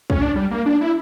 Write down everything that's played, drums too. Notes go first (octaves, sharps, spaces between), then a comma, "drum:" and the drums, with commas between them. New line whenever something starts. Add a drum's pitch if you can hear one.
C#4, drum: kick
D4
G3
A#3
D4
E4